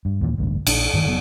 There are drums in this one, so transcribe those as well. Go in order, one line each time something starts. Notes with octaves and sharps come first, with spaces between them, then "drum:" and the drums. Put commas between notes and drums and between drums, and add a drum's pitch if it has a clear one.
G2
D#2 A#2 E3
A1 D2 G2
A#1 D4, drum: cymbal
G2 D#3 E3
F1 F#3 B3